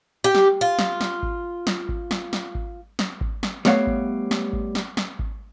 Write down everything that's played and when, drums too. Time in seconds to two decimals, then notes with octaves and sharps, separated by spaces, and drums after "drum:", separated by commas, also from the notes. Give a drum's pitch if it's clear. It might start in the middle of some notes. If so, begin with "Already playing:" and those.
0.24 G4
0.35 drum: snare
0.61 F4
0.79 drum: snare
1.01 drum: snare
1.23 drum: kick G#1
1.67 drum: snare
1.89 drum: kick G#1
2.11 drum: snare
2.33 drum: snare
2.55 drum: kick G#1
2.99 drum: snare
3.21 drum: kick G#1
3.43 drum: snare
3.65 G3 A3 B3 C#5 F5, drum: snare
3.87 drum: kick G#1
4.31 drum: snare
4.53 drum: kick G#1
4.75 drum: snare
4.97 drum: snare
5.19 drum: kick G#1